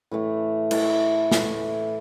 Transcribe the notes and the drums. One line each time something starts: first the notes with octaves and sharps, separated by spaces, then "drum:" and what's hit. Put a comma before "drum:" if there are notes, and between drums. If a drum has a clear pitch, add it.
A2 E3 A3
A2 E3 A3, drum: cymbal
A2 E3 A3, drum: snare